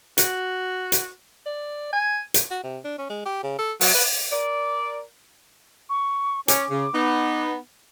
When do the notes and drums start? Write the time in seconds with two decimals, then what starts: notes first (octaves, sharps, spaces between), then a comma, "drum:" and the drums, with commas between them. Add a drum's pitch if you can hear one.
0.18 F#4, drum: hi-hat
0.92 drum: hi-hat
1.46 D5
1.93 G#5
2.34 drum: hi-hat
2.51 F#4
2.64 C3
2.85 D4
2.98 C#4
3.10 G#3
3.25 G4
3.43 C#3
3.59 A4
3.81 F#3, drum: open hi-hat
3.94 B4
4.32 A#4 D5
5.89 C#6
6.48 C#4 D6, drum: hi-hat
6.70 C#3
6.93 B3 D#4